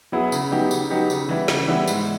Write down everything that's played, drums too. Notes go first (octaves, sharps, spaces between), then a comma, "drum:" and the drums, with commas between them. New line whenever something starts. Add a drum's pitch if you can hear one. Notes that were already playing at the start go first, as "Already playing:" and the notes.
F#3 B3 E4 G#4
C#3, drum: tambourine
F#3 B3 D#4 G4
C#3, drum: tambourine
F#3 B3 D#4 G4
C#3, drum: tambourine
E3 G3 B3 E4
C#3, drum: snare
E3 G3 B3 E4
G#2, drum: tambourine